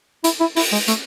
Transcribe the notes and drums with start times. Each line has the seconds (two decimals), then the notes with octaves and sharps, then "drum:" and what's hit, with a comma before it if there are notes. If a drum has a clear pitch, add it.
0.24 E4, drum: hi-hat
0.40 E4
0.56 E4, drum: open hi-hat
0.73 G#3
0.88 A3, drum: hi-hat